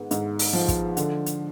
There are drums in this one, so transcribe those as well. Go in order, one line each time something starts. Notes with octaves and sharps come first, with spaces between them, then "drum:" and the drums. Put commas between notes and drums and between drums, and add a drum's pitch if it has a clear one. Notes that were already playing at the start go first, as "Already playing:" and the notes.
Already playing: G#2 B3
G#2, drum: hi-hat
drum: open hi-hat
F3
drum: kick, hi-hat
D3, drum: hi-hat
drum: hi-hat